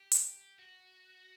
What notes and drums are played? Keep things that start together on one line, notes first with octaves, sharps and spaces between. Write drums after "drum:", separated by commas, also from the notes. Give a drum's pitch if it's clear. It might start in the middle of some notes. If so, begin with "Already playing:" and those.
Already playing: G4
drum: hi-hat
F#4